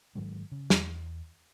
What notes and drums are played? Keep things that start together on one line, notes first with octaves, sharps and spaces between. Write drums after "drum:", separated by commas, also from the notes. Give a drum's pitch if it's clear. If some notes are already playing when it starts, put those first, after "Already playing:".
G#2 D#3 F#3 G#3
C#3
E2, drum: snare